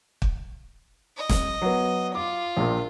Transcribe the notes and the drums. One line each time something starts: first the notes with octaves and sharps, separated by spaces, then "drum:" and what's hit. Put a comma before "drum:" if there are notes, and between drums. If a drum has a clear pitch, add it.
drum: kick
D#5
drum: snare
F#3 B3
F4 D6
A#1 A#2